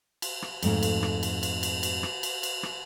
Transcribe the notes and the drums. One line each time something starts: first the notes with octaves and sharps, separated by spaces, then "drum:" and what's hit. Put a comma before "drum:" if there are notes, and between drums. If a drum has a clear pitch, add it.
drum: cymbal
drum: rim click
F2 G#2 A3 F5, drum: cymbal
drum: cymbal
drum: rim click
drum: cymbal
drum: cymbal
drum: cymbal
drum: cymbal
drum: rim click
drum: cymbal
drum: cymbal
drum: rim click